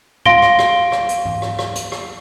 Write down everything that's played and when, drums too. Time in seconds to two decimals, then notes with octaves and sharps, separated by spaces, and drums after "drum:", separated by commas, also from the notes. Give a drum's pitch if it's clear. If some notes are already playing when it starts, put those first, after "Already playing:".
0.26 F5 C6 A#6 D7 G7, drum: tom A2
0.42 drum: rim click
0.59 drum: rim click
0.92 drum: rim click
1.09 drum: hi-hat
1.25 drum: tom
1.42 drum: rim click
1.59 drum: rim click
1.75 drum: hi-hat
1.92 drum: rim click